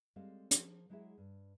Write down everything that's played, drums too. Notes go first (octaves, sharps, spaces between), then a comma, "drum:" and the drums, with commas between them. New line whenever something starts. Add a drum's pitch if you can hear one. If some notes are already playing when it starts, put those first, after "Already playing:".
G3 G#3 C4 A4 D#5 F5
F3 G#4 A#4, drum: hi-hat
F#3 G#3 E4 F#4 G#4 E5
G2